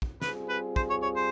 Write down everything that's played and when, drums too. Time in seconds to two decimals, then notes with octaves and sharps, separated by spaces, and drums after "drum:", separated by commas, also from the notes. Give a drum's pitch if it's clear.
0.02 drum: kick
0.22 G3 C4 F4 G#4 B4, drum: snare
0.49 B4
0.76 C5, drum: kick
0.90 C#5
1.02 C#5
1.16 C5